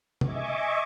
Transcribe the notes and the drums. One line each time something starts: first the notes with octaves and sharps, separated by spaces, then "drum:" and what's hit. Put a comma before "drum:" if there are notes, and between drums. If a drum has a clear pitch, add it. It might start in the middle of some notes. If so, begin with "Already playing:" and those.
D#5 E5 G#5 C#6 D6, drum: tom